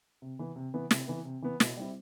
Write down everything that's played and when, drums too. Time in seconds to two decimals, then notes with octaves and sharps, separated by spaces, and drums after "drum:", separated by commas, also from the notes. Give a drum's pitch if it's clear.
0.22 C3
0.39 E3 B3
0.56 C3
0.74 E3 B3
0.91 C3, drum: snare
1.07 E3 B3
1.25 C3
1.42 E3 B3
1.60 B2, drum: snare
1.76 G3 C4 E4